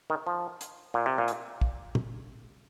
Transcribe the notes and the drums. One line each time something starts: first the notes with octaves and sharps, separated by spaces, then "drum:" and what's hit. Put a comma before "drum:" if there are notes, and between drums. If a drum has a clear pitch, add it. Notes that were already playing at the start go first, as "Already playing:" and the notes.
D#3
F3
drum: hi-hat
A#2
C3
A#2
drum: hi-hat
drum: kick
drum: tom